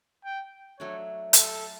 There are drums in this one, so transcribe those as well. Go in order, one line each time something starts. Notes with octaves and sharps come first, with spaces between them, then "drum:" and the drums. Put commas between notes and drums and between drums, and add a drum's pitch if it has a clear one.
G5
F#3 A3 D4 C#5
A4, drum: hi-hat